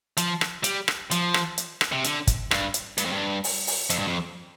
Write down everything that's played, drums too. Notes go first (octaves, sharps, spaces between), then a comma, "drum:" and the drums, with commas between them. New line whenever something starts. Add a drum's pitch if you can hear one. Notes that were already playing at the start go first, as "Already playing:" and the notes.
F3, drum: hi-hat
drum: rim click
G3, drum: hi-hat
drum: rim click
F3, drum: hi-hat
drum: rim click
drum: hi-hat
drum: rim click
C3
D3, drum: hi-hat
drum: kick, hi-hat
G2, drum: rim click
drum: hi-hat
G2, drum: hi-hat
F2
G2
drum: open hi-hat
drum: open hi-hat
F2, drum: hi-hat
G2
F2